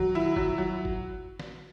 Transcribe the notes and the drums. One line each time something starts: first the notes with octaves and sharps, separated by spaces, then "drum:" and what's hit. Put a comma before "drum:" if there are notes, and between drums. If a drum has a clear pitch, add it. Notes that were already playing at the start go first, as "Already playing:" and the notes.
Already playing: D#3 F#3
E4
F#3, drum: kick
F#3
drum: kick
drum: snare